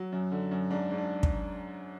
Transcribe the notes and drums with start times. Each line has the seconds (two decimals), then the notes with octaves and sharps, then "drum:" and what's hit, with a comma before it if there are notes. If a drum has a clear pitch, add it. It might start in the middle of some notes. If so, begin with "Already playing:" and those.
Already playing: F#3
0.12 F#2
0.31 D3
0.51 F#2
0.70 G#2 D4
0.90 G#2
0.98 D4
1.23 drum: kick